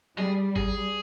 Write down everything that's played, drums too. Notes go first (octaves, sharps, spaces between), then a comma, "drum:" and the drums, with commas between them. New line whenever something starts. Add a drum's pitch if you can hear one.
G3 G#4
G#4, drum: kick G#1